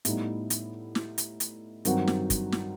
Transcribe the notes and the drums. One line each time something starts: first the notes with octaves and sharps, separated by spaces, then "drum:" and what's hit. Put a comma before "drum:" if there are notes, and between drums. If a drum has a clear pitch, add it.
A2 G3 B3 D#4, drum: hi-hat
drum: hi-hat
drum: snare
drum: hi-hat
drum: hi-hat
G2 D#3 F#3 C4 F#4, drum: hi-hat
drum: snare
drum: kick, hi-hat
drum: snare